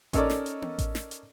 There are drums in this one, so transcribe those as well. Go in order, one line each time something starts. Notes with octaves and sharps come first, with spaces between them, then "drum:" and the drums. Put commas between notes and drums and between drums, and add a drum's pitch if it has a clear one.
C#4 D#4 A4 A#4 C#5 D5, drum: kick A1, hi-hat
drum: snare
drum: hi-hat
drum: tom B3
drum: kick A1, hi-hat
drum: snare
drum: hi-hat